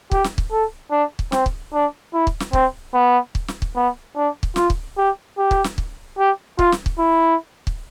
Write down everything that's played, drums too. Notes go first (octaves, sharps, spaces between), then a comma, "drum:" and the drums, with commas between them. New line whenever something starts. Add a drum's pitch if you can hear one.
G4, drum: kick
drum: snare
drum: kick
A4
D4
drum: kick
C4, drum: snare
drum: kick
D4
E4
drum: kick
drum: snare
C4, drum: kick
B3
drum: kick
drum: snare
drum: kick
B3
D4
drum: kick
F4, drum: snare
drum: kick
G4
G4
drum: kick
drum: snare
drum: kick
G4
F4, drum: kick
drum: snare
drum: kick
E4
drum: kick